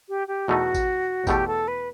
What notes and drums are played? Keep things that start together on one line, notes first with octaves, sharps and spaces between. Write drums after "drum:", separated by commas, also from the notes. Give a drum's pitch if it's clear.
G4
G4
E2 B2 A3 D#4 F#4
drum: kick G#1, tambourine
E2 B2 A3 G4, drum: kick G#1, tambourine
A4
B4